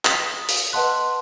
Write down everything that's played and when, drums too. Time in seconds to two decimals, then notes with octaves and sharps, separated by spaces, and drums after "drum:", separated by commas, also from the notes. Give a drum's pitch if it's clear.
0.05 D#6 B6, drum: clap
0.49 drum: open hi-hat
0.73 B4 D#5 F#5 A5 C6 F#6